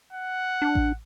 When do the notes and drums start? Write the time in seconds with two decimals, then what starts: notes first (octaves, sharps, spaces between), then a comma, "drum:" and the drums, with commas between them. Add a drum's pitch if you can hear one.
0.13 F#5
0.62 D4
0.75 drum: kick A1